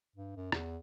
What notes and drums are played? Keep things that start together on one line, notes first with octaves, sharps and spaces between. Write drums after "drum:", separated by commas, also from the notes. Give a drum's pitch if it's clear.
G2
F#2
E2, drum: rim click